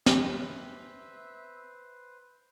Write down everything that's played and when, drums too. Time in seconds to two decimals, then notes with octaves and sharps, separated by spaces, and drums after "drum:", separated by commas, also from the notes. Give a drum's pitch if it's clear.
0.06 B4 C5 E5, drum: snare